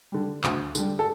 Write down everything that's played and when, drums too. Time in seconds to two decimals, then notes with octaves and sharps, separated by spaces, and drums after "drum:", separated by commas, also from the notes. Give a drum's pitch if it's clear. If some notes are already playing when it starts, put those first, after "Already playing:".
0.12 D3 G3
0.44 D2, drum: clap
0.75 D3 G3, drum: tambourine
0.99 A4